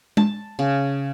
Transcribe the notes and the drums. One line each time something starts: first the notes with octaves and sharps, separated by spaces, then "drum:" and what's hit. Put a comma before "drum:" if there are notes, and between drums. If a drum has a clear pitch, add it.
A5, drum: tom G#3
C#3